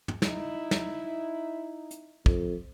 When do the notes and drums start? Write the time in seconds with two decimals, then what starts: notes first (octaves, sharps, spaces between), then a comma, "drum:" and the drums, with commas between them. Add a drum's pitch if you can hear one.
0.08 drum: tom
0.22 D#4 E4, drum: snare
0.71 drum: snare
1.91 drum: hi-hat
2.26 F2, drum: kick